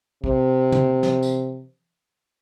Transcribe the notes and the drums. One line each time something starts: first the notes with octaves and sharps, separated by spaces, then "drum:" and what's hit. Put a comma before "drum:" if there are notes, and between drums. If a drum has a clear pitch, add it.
C3, drum: kick
drum: tom
drum: snare
drum: tambourine